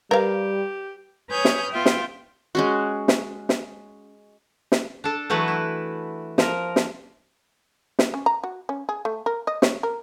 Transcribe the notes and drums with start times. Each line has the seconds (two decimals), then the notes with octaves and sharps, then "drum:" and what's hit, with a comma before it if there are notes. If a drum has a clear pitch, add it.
0.11 G3 G4 A#4 B4 F5
1.30 B4 C#5 G#5 D#6 F6 G6
1.45 drum: snare
1.71 B3 F4 E5 G5
1.86 drum: snare
2.55 G#3 C#4 F#4
3.08 drum: snare
3.49 drum: snare
4.72 drum: snare
5.04 D4 A4
5.30 E3 F#3 A3 F#4 B4
5.48 E4
6.38 F3 A#4, drum: snare
6.76 drum: snare
7.99 drum: snare
8.14 C#4
8.26 A#5
8.44 F#4
8.69 C#4
8.89 G#4
9.05 A3
9.26 A#4
9.47 D#5
9.62 C#5, drum: snare
9.83 A#4